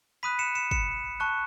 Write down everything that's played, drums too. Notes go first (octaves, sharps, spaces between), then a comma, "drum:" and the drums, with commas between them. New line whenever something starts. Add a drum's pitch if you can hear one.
B5 D#6 F#6 B6 D#7
C#7 E7
C#7 E7
C#7 E7, drum: kick
A5 C#6 F#6